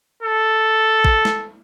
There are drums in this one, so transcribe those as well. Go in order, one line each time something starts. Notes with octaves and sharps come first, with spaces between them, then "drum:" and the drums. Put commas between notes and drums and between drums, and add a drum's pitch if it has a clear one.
A4
drum: kick A1
drum: snare